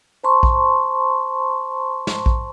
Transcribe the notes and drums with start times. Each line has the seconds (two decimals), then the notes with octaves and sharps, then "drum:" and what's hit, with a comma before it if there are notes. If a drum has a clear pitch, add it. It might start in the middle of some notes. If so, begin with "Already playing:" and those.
0.24 C5 A5 A#5 C6 C#6
0.43 drum: kick A#1
2.07 drum: snare
2.26 drum: kick A#1